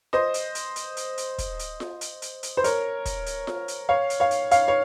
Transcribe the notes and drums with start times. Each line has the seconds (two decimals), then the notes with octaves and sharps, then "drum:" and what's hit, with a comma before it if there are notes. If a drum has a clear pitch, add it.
0.13 C5 D#5, drum: snare F4
0.34 drum: hi-hat
0.55 drum: hi-hat
0.76 drum: hi-hat
0.97 drum: hi-hat
1.18 drum: hi-hat
1.38 drum: kick, hi-hat
1.59 drum: hi-hat
1.80 drum: snare F4
2.01 drum: hi-hat
2.22 drum: hi-hat
2.43 drum: hi-hat
2.57 C5
2.64 A#4 C#5, drum: hi-hat
3.05 drum: kick, hi-hat
3.26 drum: hi-hat
3.47 drum: snare F4
3.68 drum: hi-hat
3.89 C#5 F5
4.10 drum: hi-hat
4.20 C#5 F5
4.31 drum: hi-hat
4.51 C#5 F5, drum: hi-hat
4.68 C#5